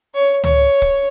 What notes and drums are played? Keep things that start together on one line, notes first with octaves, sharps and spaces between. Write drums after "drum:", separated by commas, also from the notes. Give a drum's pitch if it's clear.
C#5
C#5, drum: tom C#2
drum: kick